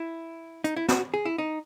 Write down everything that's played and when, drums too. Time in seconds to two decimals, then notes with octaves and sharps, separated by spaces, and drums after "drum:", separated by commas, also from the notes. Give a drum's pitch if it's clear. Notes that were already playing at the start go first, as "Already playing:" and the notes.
Already playing: E4
0.64 D#4, drum: hi-hat
0.76 E4
0.89 F#4, drum: snare
1.14 G#4
1.25 E4
1.38 D#4